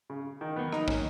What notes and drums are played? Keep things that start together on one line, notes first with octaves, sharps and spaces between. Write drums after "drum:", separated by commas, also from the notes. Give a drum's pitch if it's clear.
C#3
D#3
E2 D#3 F#3 A#3 B3
D#4, drum: rim click
C#4, drum: kick